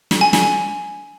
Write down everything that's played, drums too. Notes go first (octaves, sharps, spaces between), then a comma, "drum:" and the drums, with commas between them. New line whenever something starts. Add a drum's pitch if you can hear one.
drum: snare
G#5
drum: snare